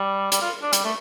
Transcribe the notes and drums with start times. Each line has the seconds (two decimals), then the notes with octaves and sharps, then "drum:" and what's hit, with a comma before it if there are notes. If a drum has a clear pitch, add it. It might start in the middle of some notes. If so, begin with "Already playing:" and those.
Already playing: G3
0.32 G3, drum: hi-hat
0.42 F4
0.62 D4
0.73 G3, drum: hi-hat
0.84 A3